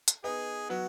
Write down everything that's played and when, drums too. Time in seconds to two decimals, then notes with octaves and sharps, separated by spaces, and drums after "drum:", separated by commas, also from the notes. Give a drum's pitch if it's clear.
0.08 drum: hi-hat
0.24 B3 D#4 G#4
0.69 F#3 B3 F#4